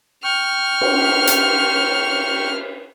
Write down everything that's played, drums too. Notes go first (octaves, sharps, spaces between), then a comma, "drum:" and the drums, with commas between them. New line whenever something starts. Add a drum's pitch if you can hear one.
G5 C#6 F6
drum: cymbal
drum: hi-hat